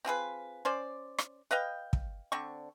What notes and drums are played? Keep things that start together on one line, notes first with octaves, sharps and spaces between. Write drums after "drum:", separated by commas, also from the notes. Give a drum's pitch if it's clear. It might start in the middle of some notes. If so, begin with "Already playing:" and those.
C4 F4 G#4 B4
C#4 C5 D5
drum: rim click
B4 D#5 F5 G5
drum: kick
D3 C4 C#6